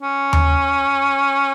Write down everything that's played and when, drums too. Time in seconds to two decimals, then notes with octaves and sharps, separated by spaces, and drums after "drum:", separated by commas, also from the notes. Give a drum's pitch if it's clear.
0.02 C#4
0.33 drum: tom D#2